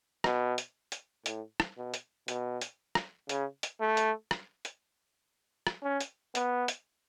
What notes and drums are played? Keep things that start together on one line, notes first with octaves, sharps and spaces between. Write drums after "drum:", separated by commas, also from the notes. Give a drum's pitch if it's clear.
B2, drum: rim click
drum: hi-hat
drum: hi-hat
A2, drum: hi-hat
drum: rim click
B2
drum: hi-hat
B2, drum: hi-hat
drum: hi-hat
drum: rim click
C#3, drum: hi-hat
drum: hi-hat
A3
drum: hi-hat
drum: rim click
drum: hi-hat
drum: rim click
C#4
drum: hi-hat
B3, drum: hi-hat
drum: hi-hat